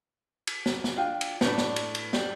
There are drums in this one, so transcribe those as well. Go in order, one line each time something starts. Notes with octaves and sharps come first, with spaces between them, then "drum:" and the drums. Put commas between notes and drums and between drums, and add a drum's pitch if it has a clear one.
drum: cymbal
drum: snare
drum: snare
D4 F4 G5
drum: cymbal
A2 D4 B4, drum: snare
drum: snare
drum: cymbal
drum: cymbal
G3, drum: snare